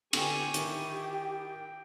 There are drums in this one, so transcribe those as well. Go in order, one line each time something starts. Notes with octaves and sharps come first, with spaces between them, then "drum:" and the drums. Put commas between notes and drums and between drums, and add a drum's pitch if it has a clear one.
D3 B3 G4 G5 G#5 C#6, drum: cymbal
D#3 E4, drum: hi-hat
G5